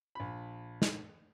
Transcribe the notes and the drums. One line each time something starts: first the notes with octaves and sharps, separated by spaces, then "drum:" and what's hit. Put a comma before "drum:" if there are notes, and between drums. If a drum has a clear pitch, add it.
A#1 B5
drum: snare